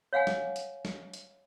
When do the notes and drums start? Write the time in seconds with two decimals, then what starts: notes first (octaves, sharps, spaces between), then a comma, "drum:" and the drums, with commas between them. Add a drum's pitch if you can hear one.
0.13 C#5 F5 F#5 G#5
0.27 drum: snare
0.56 drum: hi-hat
0.85 drum: snare
1.13 drum: hi-hat